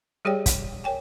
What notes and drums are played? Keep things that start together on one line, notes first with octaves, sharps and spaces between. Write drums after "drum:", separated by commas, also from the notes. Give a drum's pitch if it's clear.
G3 G4 G#4 C#5 D5 G5
drum: kick, hi-hat
A#4 C#5 G5 G#5